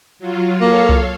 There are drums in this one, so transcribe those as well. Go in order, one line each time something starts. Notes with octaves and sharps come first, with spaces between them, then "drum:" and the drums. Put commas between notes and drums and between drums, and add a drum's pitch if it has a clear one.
F#3 F4
A#3 A4 C#5 F5
drum: kick C2